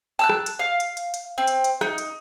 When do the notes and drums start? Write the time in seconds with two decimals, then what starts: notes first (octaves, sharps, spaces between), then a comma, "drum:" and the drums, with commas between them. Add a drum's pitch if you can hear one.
0.19 A5 E6 F#6
0.29 drum: rim click
0.46 drum: hi-hat
0.59 F5
0.80 drum: hi-hat
0.97 drum: hi-hat
1.14 drum: hi-hat
1.38 C4
1.47 drum: hi-hat
1.64 drum: hi-hat
1.81 D#4, drum: rim click
1.98 drum: hi-hat